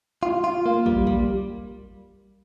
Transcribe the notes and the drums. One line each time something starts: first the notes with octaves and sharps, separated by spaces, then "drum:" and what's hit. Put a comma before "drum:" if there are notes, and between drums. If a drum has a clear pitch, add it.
F4
F4
A#3
G3, drum: kick
G3, drum: kick